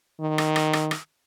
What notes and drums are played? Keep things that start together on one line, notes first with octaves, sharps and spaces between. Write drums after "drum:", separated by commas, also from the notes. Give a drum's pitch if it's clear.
D#3
drum: rim click
drum: rim click
drum: rim click
drum: rim click